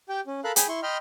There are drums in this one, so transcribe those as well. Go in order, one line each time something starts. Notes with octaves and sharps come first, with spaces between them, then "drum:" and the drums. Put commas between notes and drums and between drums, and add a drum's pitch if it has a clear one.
G4 G5
C#4
A4 A#4 F5 B5 F#6
G#4 G5 G#5 B5, drum: hi-hat
E4 C6 C#6
D#5 G5 B5 C6 F6